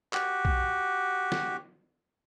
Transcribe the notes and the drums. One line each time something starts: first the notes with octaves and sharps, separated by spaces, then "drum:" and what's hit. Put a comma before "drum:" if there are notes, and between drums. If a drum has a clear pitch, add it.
F#4 G4, drum: clap
drum: kick B1
drum: snare